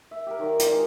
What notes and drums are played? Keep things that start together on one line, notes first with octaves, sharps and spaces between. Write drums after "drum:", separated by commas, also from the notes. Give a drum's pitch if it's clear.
E5
G4 A#4
D#3 F#3 D5
E3 F4 D5, drum: hi-hat
G#3 G4